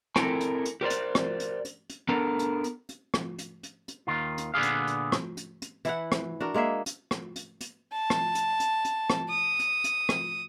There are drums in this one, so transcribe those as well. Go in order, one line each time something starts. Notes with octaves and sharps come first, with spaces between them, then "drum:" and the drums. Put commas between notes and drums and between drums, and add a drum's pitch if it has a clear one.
C4 E4 A4 A#4 G5 G#5, drum: rim click
drum: hi-hat
drum: hi-hat
G4 A#4 C5 D5
drum: hi-hat
drum: rim click
drum: hi-hat
drum: hi-hat
drum: hi-hat
B3 D4 A4 A#4 A#5
drum: hi-hat
drum: hi-hat
drum: hi-hat
drum: rim click
drum: hi-hat
drum: hi-hat
drum: hi-hat
D#2 D#3 F4
drum: hi-hat
A#2 D3 B3 G#4 F5
drum: hi-hat
drum: hi-hat
drum: rim click
drum: hi-hat
drum: hi-hat
E3 E4 F#5, drum: hi-hat
drum: rim click
D4 F#4 A#4
G#3 A#3 G#4 E5
drum: hi-hat
drum: rim click
drum: hi-hat
drum: hi-hat
A5
drum: rim click
drum: hi-hat
drum: hi-hat
drum: hi-hat
drum: rim click
D#6
drum: hi-hat
drum: hi-hat
drum: rim click